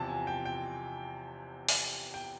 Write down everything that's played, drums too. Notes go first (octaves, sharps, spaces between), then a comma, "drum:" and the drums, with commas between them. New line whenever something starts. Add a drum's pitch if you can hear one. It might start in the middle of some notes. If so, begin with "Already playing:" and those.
Already playing: E2 C3 F3 A5
G#5
G5
G5
drum: open hi-hat
G5